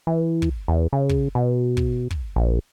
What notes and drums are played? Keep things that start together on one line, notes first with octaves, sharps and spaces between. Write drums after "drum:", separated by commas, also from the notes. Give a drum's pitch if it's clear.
E3
drum: kick
E2
C#3
drum: kick
B2
drum: kick
drum: kick
A#1